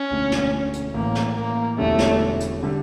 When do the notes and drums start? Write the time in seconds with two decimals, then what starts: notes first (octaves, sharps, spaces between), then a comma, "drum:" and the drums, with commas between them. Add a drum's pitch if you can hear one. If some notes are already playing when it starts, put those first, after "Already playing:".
Already playing: C#4
0.11 E1 D2 D3 A3
0.32 drum: snare
0.73 drum: hi-hat
0.94 A1 A2 E3 A#3
1.15 drum: snare
1.36 A#3
1.78 E1 E2 D3 G3 A3 C#4
1.98 drum: snare
2.40 drum: hi-hat
2.63 D3 G3